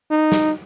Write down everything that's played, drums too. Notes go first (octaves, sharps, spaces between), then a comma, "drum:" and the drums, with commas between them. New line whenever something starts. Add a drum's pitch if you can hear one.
D#4
drum: snare